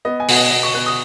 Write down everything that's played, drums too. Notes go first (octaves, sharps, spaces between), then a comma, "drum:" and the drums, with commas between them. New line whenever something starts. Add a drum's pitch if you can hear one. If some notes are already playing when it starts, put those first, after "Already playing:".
B3 D#5
G#5
B2 F#5, drum: open hi-hat
D#5
B2 D#5
C#6
B3 F#6
D#6